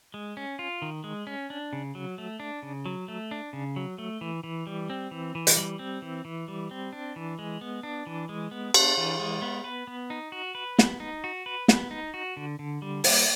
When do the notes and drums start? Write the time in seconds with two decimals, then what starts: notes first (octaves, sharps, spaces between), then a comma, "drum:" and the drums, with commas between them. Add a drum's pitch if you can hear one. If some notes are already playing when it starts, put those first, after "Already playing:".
0.14 G#3
0.37 C#4
0.59 F4
0.82 D#3
1.04 G#3
1.27 C#4
1.50 D4
1.73 C#3
1.95 F#3
2.18 A3
2.40 D4
2.63 C#3
2.86 F#3
3.08 A3
3.31 D4
3.53 C#3
3.76 F#3
3.98 A3
4.21 E3
4.44 E3
4.67 G3
4.90 C4
5.11 E3
5.35 E3
5.47 drum: hi-hat
5.57 G3
5.79 C4
6.02 E3
6.25 E3
6.48 G3
6.71 C4
6.93 D4
7.16 E3
7.39 G#3
7.61 B3
7.83 D4
8.07 E3
8.29 G#3
8.51 B3
8.74 D4, drum: cymbal
8.97 E3
9.19 G#3
9.42 B3
9.64 B4
9.87 B3
10.10 D#4
10.32 F#4
10.55 B4
10.79 B3, drum: snare
11.00 D#4
11.24 F#4
11.46 B4
11.68 B3, drum: snare
11.91 D#4
12.14 F#4
12.37 D3
12.59 D3
12.82 G3
13.04 A#3, drum: open hi-hat